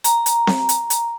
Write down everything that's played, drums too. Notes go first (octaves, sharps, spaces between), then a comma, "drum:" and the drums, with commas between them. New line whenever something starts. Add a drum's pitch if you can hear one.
A#5, drum: hi-hat
drum: hi-hat
drum: snare C4
drum: hi-hat
drum: hi-hat